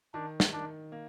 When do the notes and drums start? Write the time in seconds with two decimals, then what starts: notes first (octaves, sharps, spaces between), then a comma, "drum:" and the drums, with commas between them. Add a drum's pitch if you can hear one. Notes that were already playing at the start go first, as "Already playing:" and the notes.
0.14 D#3 D4
0.40 drum: snare
0.53 D#3 D4
0.92 A#3